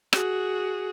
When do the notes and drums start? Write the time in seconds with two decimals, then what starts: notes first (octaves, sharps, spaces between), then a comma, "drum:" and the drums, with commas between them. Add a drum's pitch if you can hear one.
0.13 F#4 G#4, drum: rim click